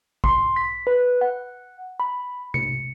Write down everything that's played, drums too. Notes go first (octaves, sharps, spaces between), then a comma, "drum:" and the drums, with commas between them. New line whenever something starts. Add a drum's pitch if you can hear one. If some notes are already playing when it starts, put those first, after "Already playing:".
C6, drum: kick G#1
B6
B4
F#5
B5
C#7, drum: tom C3